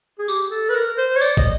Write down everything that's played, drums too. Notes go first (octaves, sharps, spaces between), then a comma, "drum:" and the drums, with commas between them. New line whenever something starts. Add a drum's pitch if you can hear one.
G#4
G4, drum: tambourine
A4
B4
A#4
C5
C#5
D5, drum: tambourine
D#5, drum: kick